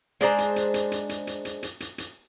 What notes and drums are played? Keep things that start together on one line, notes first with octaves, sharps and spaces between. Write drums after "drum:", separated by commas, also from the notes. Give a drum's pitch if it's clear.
G#3 D4 C5 A#5, drum: hi-hat
drum: hi-hat
drum: hi-hat
drum: hi-hat
drum: hi-hat
drum: hi-hat
drum: hi-hat
drum: hi-hat
drum: hi-hat
drum: hi-hat
drum: hi-hat